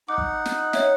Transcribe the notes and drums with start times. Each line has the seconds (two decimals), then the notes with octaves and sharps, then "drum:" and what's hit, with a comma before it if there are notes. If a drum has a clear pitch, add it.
0.08 D#4 F#5 D6
0.18 drum: kick
0.46 drum: snare
0.73 C#5 E5, drum: snare